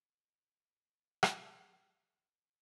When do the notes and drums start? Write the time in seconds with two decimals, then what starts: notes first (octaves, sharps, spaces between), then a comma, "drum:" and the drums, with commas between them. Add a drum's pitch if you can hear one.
0.24 A#4 D5 A#5
0.39 C#3 C4
1.23 drum: rim click
1.82 F#2 A3 G5 B5